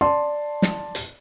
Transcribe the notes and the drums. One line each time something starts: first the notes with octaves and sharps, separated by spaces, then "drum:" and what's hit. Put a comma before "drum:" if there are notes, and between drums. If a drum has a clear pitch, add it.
D5 A5 C6
drum: snare
drum: hi-hat